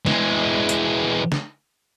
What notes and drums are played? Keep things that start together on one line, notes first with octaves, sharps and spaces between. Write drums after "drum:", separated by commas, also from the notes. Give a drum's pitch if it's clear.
E3 G#3, drum: snare
drum: hi-hat
drum: snare